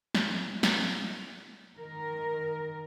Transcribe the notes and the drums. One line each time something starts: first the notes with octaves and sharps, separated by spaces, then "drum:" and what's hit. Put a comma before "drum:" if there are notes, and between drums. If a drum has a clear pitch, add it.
drum: snare
drum: snare
D#3 A#4